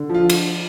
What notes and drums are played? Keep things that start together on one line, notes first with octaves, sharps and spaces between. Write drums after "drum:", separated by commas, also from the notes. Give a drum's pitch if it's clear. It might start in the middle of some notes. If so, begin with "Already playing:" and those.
Already playing: D3
F3
F4
drum: cymbal